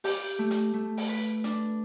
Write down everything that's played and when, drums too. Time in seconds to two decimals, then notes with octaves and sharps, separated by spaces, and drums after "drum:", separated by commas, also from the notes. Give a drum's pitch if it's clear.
0.04 G4, drum: open hi-hat
0.39 A3
0.51 drum: hi-hat
0.74 A3
0.97 drum: open hi-hat
1.09 B4
1.44 D4, drum: hi-hat